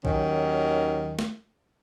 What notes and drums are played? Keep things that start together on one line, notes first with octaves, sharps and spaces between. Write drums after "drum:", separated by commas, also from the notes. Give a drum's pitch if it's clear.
D#2 D#3 F#3 C#4, drum: kick
drum: snare